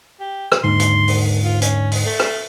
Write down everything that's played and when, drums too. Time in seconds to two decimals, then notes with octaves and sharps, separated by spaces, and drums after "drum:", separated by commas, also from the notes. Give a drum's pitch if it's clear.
0.20 G4
0.52 drum: rim click
0.64 D#2 G#2 D3 C6
0.80 drum: hi-hat
1.08 drum: open hi-hat
1.43 F4
1.62 C#4, drum: hi-hat
1.92 drum: open hi-hat
2.06 A3
2.20 drum: rim click